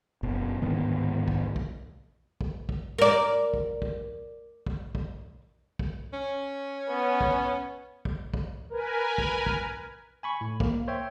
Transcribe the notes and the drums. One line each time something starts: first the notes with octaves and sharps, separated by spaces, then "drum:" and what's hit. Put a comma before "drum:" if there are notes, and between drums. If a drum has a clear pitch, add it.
F#1 B2
D1 G#2 D#3 B3
drum: kick
drum: kick
drum: kick
drum: kick
A#4 D5
drum: kick
drum: kick
drum: kick
drum: kick
drum: kick
C#4
B3
drum: kick
drum: kick
drum: kick
A#4 B4 G#5
drum: kick
drum: kick
G#5 B5 C#6
A2
A#3, drum: kick
C5 C#5 E5 G5